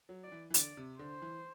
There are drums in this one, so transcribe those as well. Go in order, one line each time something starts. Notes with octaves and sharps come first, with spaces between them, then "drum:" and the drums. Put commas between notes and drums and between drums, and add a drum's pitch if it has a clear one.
F#3
D5
E3
E3
D3 D5, drum: hi-hat
C3
D3 C5
E3